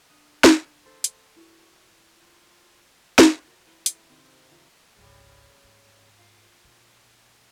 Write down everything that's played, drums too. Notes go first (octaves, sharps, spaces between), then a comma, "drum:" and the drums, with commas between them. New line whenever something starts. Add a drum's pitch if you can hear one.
D4 D#6 F#6
drum: snare
A4 C5
drum: hi-hat
E4 F#4
F4
drum: snare
F4 F#4 A#4 C5
E3 B4 C6
A4 E5, drum: hi-hat
C3 D#3 C4
A#4
D#3 F3
G#1 C#2 C#3 G3
G#2
F4
A#2